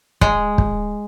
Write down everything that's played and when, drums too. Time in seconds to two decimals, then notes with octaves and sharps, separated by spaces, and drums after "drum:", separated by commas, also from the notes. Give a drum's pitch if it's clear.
0.21 G#3, drum: kick
0.58 drum: kick